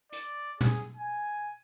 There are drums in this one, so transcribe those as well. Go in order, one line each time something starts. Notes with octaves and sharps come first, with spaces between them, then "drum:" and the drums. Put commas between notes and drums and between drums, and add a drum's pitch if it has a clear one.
D5, drum: hi-hat
G#4, drum: tom
G#5